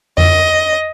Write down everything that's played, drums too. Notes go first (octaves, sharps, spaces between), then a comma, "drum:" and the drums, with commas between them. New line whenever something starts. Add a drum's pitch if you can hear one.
D#5, drum: tom F2